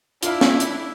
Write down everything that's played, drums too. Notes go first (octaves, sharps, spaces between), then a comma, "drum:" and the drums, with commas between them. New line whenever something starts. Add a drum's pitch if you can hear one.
D4 E4 F4 F5, drum: hi-hat
drum: snare
drum: hi-hat